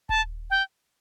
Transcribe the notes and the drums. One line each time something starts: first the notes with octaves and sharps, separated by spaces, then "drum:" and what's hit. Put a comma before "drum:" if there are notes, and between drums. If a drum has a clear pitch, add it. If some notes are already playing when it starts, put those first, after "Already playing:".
A5, drum: kick D#1
G5